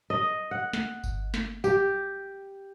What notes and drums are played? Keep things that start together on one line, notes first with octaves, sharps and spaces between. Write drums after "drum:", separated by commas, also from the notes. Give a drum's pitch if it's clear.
D#5
F#5
drum: snare
drum: kick G1, tambourine
drum: snare
G4, drum: tambourine